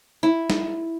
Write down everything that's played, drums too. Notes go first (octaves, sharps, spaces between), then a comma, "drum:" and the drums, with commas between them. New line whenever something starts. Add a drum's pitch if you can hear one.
E4
drum: snare